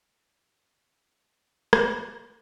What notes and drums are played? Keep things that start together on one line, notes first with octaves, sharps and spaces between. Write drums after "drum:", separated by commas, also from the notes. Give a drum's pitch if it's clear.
D3 D#4 G#4 C#5 A#5 C6
drum: rim click
F3 A3